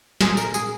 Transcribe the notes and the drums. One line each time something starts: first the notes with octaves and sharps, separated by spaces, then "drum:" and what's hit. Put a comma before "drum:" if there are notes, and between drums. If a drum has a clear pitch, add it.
A#2 G#3 C4 G#4, drum: snare
A#4, drum: tambourine
G#4, drum: tambourine